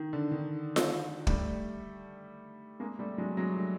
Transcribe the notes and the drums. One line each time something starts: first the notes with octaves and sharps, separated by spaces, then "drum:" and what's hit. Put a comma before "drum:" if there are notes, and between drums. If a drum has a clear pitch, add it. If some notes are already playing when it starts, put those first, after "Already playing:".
Already playing: D#3
D3
D#3
drum: snare F4
G3 A3, drum: kick
G#3 A#3
G3 A3
F#3 G#3
F#3 G#3
G3 A3